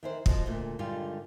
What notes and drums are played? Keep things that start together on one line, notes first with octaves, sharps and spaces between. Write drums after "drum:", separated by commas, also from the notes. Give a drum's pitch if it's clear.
D#3 E3 C5
B2 F3 F#4 C5 D#5, drum: kick
D2 A#2
G2 D3 D#3 G3 G#3 F4